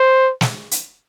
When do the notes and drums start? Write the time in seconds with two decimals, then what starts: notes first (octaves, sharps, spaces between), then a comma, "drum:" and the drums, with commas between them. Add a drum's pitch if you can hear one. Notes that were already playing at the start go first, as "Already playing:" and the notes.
Already playing: C5
0.41 drum: snare
0.71 drum: hi-hat